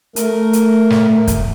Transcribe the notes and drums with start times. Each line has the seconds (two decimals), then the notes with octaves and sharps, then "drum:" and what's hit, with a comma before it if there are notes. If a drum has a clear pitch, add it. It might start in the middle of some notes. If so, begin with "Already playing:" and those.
0.16 A3 A#4, drum: hi-hat
0.53 drum: hi-hat
0.90 drum: snare
1.27 drum: kick, hi-hat